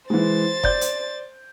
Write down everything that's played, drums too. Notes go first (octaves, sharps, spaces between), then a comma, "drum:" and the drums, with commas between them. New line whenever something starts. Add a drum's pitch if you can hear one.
E3 G#3 C5 A6
D5 G6, drum: kick F1
drum: hi-hat